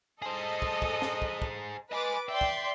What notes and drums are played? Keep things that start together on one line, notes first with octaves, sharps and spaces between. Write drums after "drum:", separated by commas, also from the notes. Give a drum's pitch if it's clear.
G#4 A4 C5 D#5
drum: kick
drum: kick
drum: snare
drum: kick
drum: kick
B4 D#5 G#5 D6 A6
D5 E5 G5 C6
drum: kick